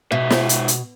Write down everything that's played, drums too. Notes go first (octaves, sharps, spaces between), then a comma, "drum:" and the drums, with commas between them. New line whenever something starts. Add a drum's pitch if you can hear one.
G#2 B2 E5
drum: snare
drum: hi-hat
drum: hi-hat